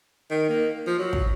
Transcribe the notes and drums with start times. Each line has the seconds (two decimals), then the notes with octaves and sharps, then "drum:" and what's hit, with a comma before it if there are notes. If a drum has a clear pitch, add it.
0.30 D#3
0.49 A#3
0.87 F3
0.99 F#3
1.13 drum: kick